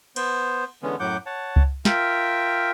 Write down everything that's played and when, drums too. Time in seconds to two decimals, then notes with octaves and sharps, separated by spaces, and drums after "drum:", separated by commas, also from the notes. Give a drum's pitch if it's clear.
0.16 B3 C5, drum: cymbal
0.83 D3 E3 G#3 B3 C#4
1.00 F#2 A2 F#3 F#5 D6 G6
1.26 C#5 F#5 A5
1.56 drum: kick C#2
1.85 F4 A#4 E5 G5, drum: snare